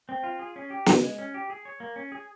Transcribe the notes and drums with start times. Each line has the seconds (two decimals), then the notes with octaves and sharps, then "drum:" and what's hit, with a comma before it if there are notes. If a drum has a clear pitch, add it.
0.09 C4
0.24 F4
0.39 G#4
0.56 C#4
0.70 G4
0.86 C#3, drum: snare
1.02 G#3
1.19 C#4
1.34 G4
1.50 G#4
1.65 C#5
1.80 A#3
1.96 C#4
2.12 G#4